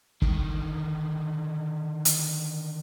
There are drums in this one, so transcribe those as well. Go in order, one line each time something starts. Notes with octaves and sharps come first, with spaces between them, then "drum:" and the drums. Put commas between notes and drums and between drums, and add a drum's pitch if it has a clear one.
D3 D#3, drum: kick
drum: hi-hat